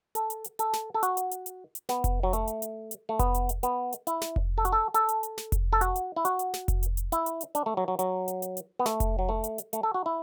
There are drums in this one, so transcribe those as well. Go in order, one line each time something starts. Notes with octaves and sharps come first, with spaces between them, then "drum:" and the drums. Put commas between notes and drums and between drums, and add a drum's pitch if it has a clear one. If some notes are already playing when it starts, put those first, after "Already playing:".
A4, drum: hi-hat
drum: hi-hat
drum: hi-hat
A4, drum: hi-hat
drum: snare
A4
F#4, drum: hi-hat
drum: hi-hat
drum: hi-hat
drum: hi-hat
drum: hi-hat
B3, drum: snare
drum: kick F1, hi-hat
F#3
A3, drum: hi-hat
drum: hi-hat
drum: hi-hat
drum: hi-hat
A3
B3, drum: kick F1, hi-hat
drum: hi-hat
drum: hi-hat
B3, drum: hi-hat
drum: hi-hat
E4, drum: hi-hat
drum: snare
drum: kick F1
A4
F#4, drum: hi-hat
A4
A4, drum: hi-hat
drum: hi-hat
drum: hi-hat
drum: snare
drum: kick F1, hi-hat
A4
F#4, drum: hi-hat
drum: hi-hat
E4
F#4, drum: hi-hat
drum: hi-hat
drum: snare
drum: kick F1, hi-hat
drum: hi-hat
drum: hi-hat
E4, drum: hi-hat
drum: hi-hat
drum: hi-hat
D4, drum: hi-hat
A3
F#3
F#3
F#3, drum: hi-hat
drum: hi-hat
drum: hi-hat
drum: hi-hat
B3
A3, drum: snare
drum: kick F1, hi-hat
F#3
A3
drum: hi-hat
drum: hi-hat
A3, drum: hi-hat
A4
F#4
E4